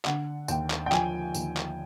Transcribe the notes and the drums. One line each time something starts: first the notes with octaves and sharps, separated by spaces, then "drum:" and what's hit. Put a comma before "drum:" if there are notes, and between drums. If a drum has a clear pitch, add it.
D3 F#5, drum: clap
D#2 G5, drum: tambourine
drum: clap
G5
F3 G#5, drum: clap
D#2, drum: tambourine
drum: clap